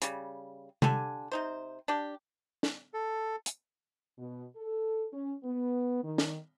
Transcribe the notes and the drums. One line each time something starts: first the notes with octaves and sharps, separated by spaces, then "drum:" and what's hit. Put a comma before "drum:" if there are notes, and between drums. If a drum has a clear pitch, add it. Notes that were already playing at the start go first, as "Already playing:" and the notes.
C#3 G3, drum: hi-hat
D3 G4 A4 G#5, drum: tom C3
C3 D#4 C5
D4 G4
drum: snare
A4
drum: hi-hat
B2
A4
C#4
B3
D#3
drum: snare